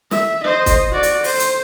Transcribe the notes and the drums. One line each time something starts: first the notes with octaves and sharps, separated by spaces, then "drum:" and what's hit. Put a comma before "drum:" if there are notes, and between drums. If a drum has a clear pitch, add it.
E5, drum: snare
C5 D#5
drum: kick, hi-hat
F#4 D5
drum: hi-hat
C5, drum: open hi-hat
drum: hi-hat